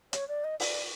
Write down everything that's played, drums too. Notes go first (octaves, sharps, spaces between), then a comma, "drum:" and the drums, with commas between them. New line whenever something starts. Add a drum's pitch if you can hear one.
C#5, drum: hi-hat
D5
D#5
D5, drum: open hi-hat